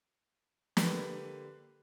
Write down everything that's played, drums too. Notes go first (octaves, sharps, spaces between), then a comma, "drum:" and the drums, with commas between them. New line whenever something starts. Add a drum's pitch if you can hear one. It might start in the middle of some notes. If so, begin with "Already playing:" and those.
D3 A#3 G4 B4, drum: snare